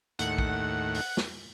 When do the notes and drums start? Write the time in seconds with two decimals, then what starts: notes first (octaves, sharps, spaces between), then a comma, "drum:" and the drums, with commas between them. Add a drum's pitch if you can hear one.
0.19 D#2 A2 F#5, drum: hi-hat
0.38 drum: kick A#1
0.94 drum: open hi-hat
1.17 drum: snare